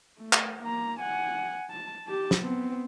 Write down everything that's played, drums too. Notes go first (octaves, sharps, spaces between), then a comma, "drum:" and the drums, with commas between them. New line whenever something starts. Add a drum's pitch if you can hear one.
A3
drum: clap
A#3 A#5
F#5 G#5
A5
G4 A5
drum: snare
B3 C4